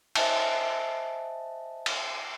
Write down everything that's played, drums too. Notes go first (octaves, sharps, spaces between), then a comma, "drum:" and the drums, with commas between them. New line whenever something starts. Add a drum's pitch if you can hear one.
C5 D#5 E5 G#5 A5, drum: cymbal
drum: cymbal